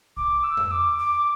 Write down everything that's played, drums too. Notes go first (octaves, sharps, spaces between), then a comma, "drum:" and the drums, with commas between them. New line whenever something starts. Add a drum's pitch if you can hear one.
D6, drum: kick
E6
drum: tom F2
D6
D6